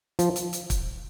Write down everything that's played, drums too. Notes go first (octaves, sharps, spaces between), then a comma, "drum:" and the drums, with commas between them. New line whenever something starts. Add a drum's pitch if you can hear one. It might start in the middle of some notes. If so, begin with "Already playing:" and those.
F3, drum: hi-hat
drum: hi-hat
drum: hi-hat
drum: kick, hi-hat